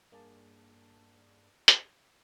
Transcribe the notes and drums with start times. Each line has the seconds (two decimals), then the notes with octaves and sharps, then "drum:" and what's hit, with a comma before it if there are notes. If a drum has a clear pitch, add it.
0.12 G2 A#3 D4 G#4 D5 A5
1.68 drum: hi-hat